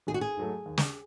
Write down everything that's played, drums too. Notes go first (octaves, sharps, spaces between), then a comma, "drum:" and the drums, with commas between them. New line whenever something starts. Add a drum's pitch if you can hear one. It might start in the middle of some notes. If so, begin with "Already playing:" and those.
G#1 G#4
F#4
G#4
G#2 F#3 A3
D#2
drum: snare